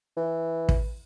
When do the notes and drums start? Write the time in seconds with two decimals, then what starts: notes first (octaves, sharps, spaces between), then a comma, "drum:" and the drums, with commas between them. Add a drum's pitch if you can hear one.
0.17 E3
0.69 drum: kick